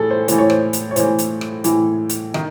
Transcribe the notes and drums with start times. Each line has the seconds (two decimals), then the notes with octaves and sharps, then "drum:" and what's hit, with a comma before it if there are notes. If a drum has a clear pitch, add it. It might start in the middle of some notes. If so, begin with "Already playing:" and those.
Already playing: A2 E3 G#4 A4
0.11 C5
0.28 A2 E3 C5, drum: hi-hat
0.38 C#5
0.50 C5, drum: rim click
0.73 drum: hi-hat
0.91 C#5
0.96 A2 E3 C5, drum: hi-hat
1.18 drum: hi-hat
1.41 drum: rim click
1.64 A2 E3, drum: hi-hat
2.09 drum: hi-hat
2.34 D#3, drum: rim click